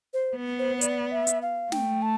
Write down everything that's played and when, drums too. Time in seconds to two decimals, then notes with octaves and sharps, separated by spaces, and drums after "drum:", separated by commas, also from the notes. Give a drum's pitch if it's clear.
0.14 C5
0.36 B3
0.59 C5
0.78 C5
0.81 D5, drum: hi-hat
1.12 E5
1.27 drum: hi-hat
1.42 F5
1.72 A3 G5, drum: snare
2.02 A5